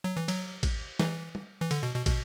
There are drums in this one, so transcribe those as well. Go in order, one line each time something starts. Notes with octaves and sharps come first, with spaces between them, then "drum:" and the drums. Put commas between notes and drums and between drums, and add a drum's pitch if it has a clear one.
F#3
E3
F#3, drum: cymbal
drum: kick, cymbal
E3, drum: snare
drum: tom
E3
D3, drum: cymbal
B2
B2
B2, drum: kick, cymbal